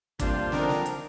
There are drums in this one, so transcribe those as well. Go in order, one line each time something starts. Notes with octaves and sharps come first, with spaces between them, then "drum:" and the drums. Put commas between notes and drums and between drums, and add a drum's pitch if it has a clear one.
C3 G3 A#3 D4 F4 C5, drum: kick, hi-hat
D3 F3 C4 D4 D#4 A#4, drum: snare
drum: snare
drum: hi-hat